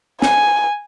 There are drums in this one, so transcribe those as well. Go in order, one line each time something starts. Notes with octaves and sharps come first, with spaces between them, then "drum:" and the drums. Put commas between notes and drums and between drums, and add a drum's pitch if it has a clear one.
G#5, drum: snare